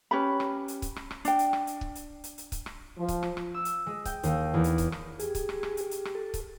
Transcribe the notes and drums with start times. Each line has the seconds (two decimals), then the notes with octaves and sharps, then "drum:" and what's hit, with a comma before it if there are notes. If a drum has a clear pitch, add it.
0.11 C#4 G4 B4 B5
0.40 drum: rim click
0.68 drum: hi-hat
0.82 drum: kick C#1, hi-hat
0.96 drum: rim click
1.11 drum: rim click
1.25 D4 G5, drum: hi-hat
1.39 drum: hi-hat
1.53 drum: rim click
1.67 drum: hi-hat
1.81 drum: kick C#1
1.95 drum: hi-hat
2.24 drum: hi-hat
2.38 drum: hi-hat
2.52 drum: kick C#1, hi-hat
2.66 drum: rim click
2.99 F3
3.08 drum: kick C#1, hi-hat
3.23 drum: rim click
3.37 drum: rim click
3.54 E6
3.65 drum: hi-hat
3.86 G#3
4.05 G5, drum: kick C#1, hi-hat
4.23 D#2, drum: hi-hat
4.54 E2
4.64 drum: hi-hat
4.78 drum: kick C#1, hi-hat
4.92 drum: rim click
5.19 G4 G#4, drum: hi-hat
5.35 drum: kick C#1, hi-hat
5.49 drum: rim click
5.63 drum: rim click
5.77 drum: hi-hat
5.91 drum: hi-hat
6.05 drum: rim click
6.15 A4
6.34 drum: kick C#1, hi-hat